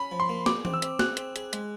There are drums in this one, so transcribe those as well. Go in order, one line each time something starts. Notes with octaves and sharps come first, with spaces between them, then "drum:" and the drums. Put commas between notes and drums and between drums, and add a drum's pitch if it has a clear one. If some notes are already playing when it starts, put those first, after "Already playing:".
Already playing: C#4 B5
F3
C6
A#3
G#4 D6, drum: snare
C4, drum: tom E3
E6
C4, drum: hi-hat
G#4 F#6, drum: snare
C4, drum: hi-hat
G#4, drum: hi-hat
G#3, drum: hi-hat